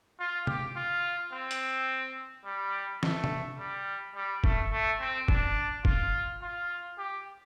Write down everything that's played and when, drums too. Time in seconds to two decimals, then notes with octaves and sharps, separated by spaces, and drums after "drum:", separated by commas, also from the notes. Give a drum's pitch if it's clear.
0.19 F4
0.47 G4, drum: tom C3
0.76 F4
1.32 C4
1.51 drum: hi-hat
2.46 G3
3.03 A3, drum: snare
3.24 drum: tom C3
3.59 G3
4.15 G3
4.44 A3, drum: kick
4.72 A3
5.00 C4
5.28 D4, drum: kick
5.85 F4, drum: kick
6.42 F4
6.98 G4